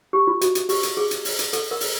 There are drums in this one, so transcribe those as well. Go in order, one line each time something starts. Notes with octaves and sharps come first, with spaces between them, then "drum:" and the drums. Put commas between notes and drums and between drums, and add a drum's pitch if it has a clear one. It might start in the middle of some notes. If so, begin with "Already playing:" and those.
G4
F4
F#4, drum: hi-hat
drum: hi-hat
G4, drum: open hi-hat
drum: hi-hat
G#4
drum: hi-hat
drum: open hi-hat
drum: hi-hat
A4, drum: hi-hat
A#4
drum: open hi-hat